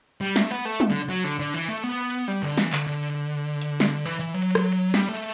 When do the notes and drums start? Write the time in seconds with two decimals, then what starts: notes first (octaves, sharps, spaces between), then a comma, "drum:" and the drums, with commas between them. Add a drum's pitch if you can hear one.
0.21 G3
0.36 A3, drum: snare
0.51 B3
0.65 A3
0.80 drum: tom
0.90 D3
1.09 F#3
1.24 D3
1.39 D3
1.54 E3
1.69 A3
1.84 B3
2.28 G3
2.43 D3
2.58 E3, drum: snare
2.73 D3, drum: clap
2.87 D3
3.62 drum: hi-hat
3.80 drum: snare
4.05 E3
4.20 E3, drum: hi-hat
4.34 F#3
4.55 drum: rim click
4.94 G3, drum: snare
5.09 A3